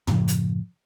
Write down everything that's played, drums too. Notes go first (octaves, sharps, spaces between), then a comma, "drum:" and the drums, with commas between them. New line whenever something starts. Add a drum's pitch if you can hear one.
F#2 A2 C#3 F3, drum: tom
drum: hi-hat